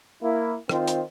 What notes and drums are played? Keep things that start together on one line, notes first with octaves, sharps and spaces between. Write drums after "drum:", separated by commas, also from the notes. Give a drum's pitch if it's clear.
A#3 E4
D#3 C4 F4 C5, drum: rim click
drum: hi-hat